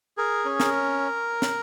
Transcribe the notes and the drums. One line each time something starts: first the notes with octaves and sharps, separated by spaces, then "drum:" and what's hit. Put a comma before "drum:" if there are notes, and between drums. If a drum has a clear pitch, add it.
G#4 A#4
C#4
A#4, drum: snare
drum: snare